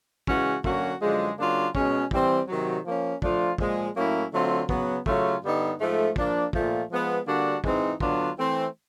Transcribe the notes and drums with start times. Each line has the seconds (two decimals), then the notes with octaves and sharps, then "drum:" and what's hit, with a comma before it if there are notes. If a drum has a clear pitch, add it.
0.27 C#3 E3 G#3 C#4 F#4, drum: kick
0.64 D3 F#3 A#3 C#4 F#4, drum: kick
1.01 F#2 D3 F3 G#3
1.38 C#3 F#3 A#3 D4 F4
1.75 B2 G#3 C#4, drum: kick
2.11 E3 G3 C4, drum: kick
2.48 C3 D#3 F#3
2.85 F3 A#3 C#4
3.22 F3 A3 D4 F4, drum: kick
3.58 A#2 F3 G#3, drum: kick
3.95 A2 F#3 A#3 C#4 E4
4.32 D3 F#3 A3 C4 F4
4.69 C#3 F#3 B3, drum: kick
5.06 C#3 F#3 A3 C#4 F4, drum: kick
5.43 G2 D3 G3 B3 D#4
5.79 G#2 F3 A3
6.16 F3 A#3 D4, drum: kick
6.53 A#2 F3 A3, drum: kick
6.90 F3 G#3 B3
7.27 D3 G3 A#3 D4 F#4
7.64 G#2 E3 G#3 C4 D#4, drum: kick
8.00 D3 F#3 B3 D4 F4, drum: kick
8.37 E3 A3 C4